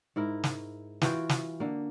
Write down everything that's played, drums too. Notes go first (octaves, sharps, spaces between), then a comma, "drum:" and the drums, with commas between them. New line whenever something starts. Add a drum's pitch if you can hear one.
G#2 E4 A#4
drum: snare
E3 F4 F#4 G5, drum: snare
drum: snare
D3 A#3